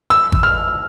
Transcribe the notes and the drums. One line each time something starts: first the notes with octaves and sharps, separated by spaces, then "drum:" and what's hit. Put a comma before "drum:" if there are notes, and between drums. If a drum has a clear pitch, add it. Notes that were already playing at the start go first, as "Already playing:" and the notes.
E6
drum: kick G#1
F6